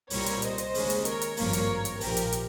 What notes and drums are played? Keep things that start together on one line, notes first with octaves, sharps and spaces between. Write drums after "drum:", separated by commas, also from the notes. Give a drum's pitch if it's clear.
C2 A#2 G3 C4 A#4 C#5, drum: open hi-hat
drum: hi-hat
C5 D#5, drum: hi-hat
drum: hi-hat
D#2 C#3 G#3 C#4, drum: open hi-hat
drum: hi-hat
A#4 C#5, drum: hi-hat
drum: hi-hat
G#1 G2 F3 A#3 A#4 C#5, drum: open hi-hat
drum: hi-hat
drum: hi-hat
A#1 A#2 F3 G4 A#4, drum: open hi-hat
drum: hi-hat
drum: hi-hat